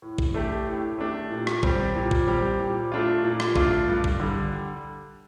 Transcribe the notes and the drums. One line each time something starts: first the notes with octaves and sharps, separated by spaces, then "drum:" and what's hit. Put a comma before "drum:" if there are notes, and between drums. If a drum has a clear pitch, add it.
A2
drum: kick
A3 D4 G4
A2
A3 D4 G4
A#2
drum: rim click
G3 C4 G4, drum: kick
A#2
drum: kick
G3 C4 G4
A#2
A3 D4 F4
A#2
drum: rim click
A3 D4 F4, drum: kick
G2
drum: kick
D3 G3